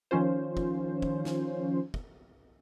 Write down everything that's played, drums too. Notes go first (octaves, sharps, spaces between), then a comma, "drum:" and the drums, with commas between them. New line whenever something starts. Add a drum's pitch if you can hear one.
D#3 F3 C#4 F4 C5
drum: kick
drum: kick
drum: snare
drum: kick